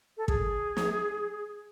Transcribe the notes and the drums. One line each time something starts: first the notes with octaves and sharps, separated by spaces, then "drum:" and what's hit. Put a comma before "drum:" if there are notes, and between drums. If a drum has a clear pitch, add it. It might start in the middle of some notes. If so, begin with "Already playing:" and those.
A4
G#4, drum: kick
drum: snare